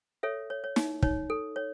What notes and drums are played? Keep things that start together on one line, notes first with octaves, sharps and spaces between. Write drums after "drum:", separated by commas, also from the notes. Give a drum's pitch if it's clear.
A4 C#5 E5
C#5
C#5
D#4, drum: snare
D#4 C#5, drum: kick
A4
C#5